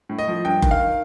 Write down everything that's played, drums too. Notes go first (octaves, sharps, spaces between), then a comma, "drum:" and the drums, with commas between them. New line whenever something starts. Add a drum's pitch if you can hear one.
A2
D#5
F3
G2 G5
D#3, drum: kick F#1
F5
D#3